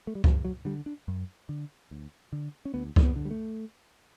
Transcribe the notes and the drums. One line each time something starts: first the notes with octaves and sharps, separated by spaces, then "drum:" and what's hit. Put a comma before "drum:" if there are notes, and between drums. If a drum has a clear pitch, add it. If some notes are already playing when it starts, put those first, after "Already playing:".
A3
G3
F#2 F#3, drum: kick C#2
F#3
D3 G3
D4
F#2
D3
D2
D3
C#4
D2 B3
A3, drum: kick C#2
B3
D3
G3
A3